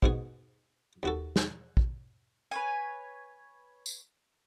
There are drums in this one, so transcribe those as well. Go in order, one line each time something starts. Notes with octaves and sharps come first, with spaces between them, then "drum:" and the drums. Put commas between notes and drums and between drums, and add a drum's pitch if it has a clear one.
G#2 B2 G#4, drum: kick
D#2 F#4 A4
drum: snare
drum: kick
B4 C#5 G#5
drum: tambourine